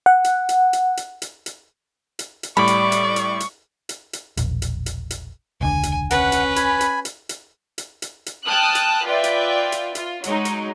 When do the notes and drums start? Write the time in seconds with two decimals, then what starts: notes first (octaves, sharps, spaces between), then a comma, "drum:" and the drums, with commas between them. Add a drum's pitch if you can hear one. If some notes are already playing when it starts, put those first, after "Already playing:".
0.06 F#5
0.24 drum: hi-hat
0.49 drum: hi-hat
0.73 drum: hi-hat
0.97 drum: hi-hat
1.22 drum: hi-hat
1.46 drum: hi-hat
2.19 drum: hi-hat
2.43 drum: hi-hat
2.57 A2 G3 D5 B5 C#6
2.67 drum: hi-hat
2.92 drum: hi-hat
3.16 drum: hi-hat
3.40 drum: hi-hat
3.89 drum: hi-hat
4.13 drum: hi-hat
4.37 E1 A#1, drum: hi-hat
4.62 drum: hi-hat
4.86 drum: hi-hat
5.10 drum: hi-hat
5.61 E1 C#2 D3 G#5
5.83 drum: hi-hat
6.10 C#4 B4 F#5, drum: hi-hat
6.32 drum: hi-hat
6.56 G#5 B5, drum: hi-hat
6.81 drum: hi-hat
7.05 drum: hi-hat
7.29 drum: hi-hat
7.78 drum: hi-hat
8.02 drum: hi-hat
8.26 drum: hi-hat
8.46 G5 A5 D#6 F6 F#6
8.75 drum: hi-hat
9.06 F4 B4 D5 E5 G5
9.24 drum: hi-hat
9.72 drum: hi-hat
9.95 F4, drum: hi-hat
10.24 F#3 G#3 D#4, drum: hi-hat
10.45 drum: hi-hat